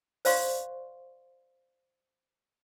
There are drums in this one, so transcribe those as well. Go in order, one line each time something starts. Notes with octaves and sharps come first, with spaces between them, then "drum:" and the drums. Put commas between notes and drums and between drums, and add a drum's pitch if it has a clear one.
C5 D5 F5 C6 C#6, drum: open hi-hat